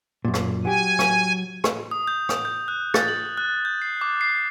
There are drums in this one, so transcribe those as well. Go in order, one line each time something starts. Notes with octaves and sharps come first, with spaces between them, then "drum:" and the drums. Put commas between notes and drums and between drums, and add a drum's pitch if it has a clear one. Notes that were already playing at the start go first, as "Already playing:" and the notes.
F#2 A#2
drum: rim click
F#3 G4 G#5
drum: rim click
drum: rim click
D#6
G6
drum: rim click
G6
F#6
A6, drum: rim click
F#7
F#6
G6
C7
D6
C7